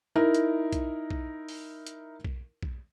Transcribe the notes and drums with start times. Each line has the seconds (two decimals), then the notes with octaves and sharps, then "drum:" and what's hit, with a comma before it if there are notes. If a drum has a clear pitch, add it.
0.15 D#4 E4 A#4
0.34 drum: hi-hat
0.73 drum: kick B1, hi-hat
1.11 drum: kick B1
1.49 drum: open hi-hat
1.87 drum: hi-hat
2.25 drum: kick B1
2.63 drum: kick B1